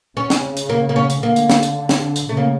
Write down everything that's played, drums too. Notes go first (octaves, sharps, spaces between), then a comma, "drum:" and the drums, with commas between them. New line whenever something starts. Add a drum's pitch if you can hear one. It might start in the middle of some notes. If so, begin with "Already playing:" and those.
C#3 C#4
drum: snare
drum: hi-hat
A#3
A#3
C#4
drum: hi-hat
D3 A#3
drum: hi-hat
drum: snare
drum: hi-hat
drum: snare
drum: hi-hat
C#3 A3
A#3